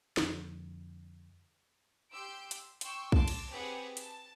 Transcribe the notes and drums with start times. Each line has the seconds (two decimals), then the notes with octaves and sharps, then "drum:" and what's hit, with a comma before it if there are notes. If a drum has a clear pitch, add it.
0.17 F2 D3 F3, drum: snare
2.12 G4 C6 E6 G6 D7
2.51 drum: hi-hat
2.81 G5 C6 C#6 E6, drum: hi-hat
3.12 A5 C6 D6, drum: kick
3.28 drum: cymbal
3.49 C4 G4 G#4 B4 F#5
3.97 A5, drum: hi-hat